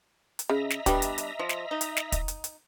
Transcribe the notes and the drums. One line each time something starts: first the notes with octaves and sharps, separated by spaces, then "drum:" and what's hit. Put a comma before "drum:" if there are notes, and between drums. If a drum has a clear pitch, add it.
drum: hi-hat
C#3 D#5 E5 A#5
drum: snare
G3 B3 D4 G4, drum: kick, hi-hat
drum: hi-hat
drum: hi-hat
F3
drum: snare
D#4
drum: hi-hat
drum: snare
drum: kick, hi-hat
drum: hi-hat
drum: hi-hat